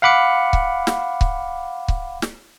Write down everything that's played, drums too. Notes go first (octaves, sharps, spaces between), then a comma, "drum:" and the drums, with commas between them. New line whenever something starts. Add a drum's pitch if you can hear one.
F5 F#5 B5 D6 C#7
drum: kick C#1
drum: snare
drum: kick C#1
drum: kick C#1
drum: snare